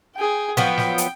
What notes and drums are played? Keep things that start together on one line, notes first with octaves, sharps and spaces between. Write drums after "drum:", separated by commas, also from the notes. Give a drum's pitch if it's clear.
G#4 G5
F3 F#3 B3 G5, drum: snare
drum: snare
drum: hi-hat